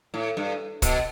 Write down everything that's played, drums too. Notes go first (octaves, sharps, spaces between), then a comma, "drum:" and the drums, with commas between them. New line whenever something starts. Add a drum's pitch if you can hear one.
A2
G2
B2, drum: kick, hi-hat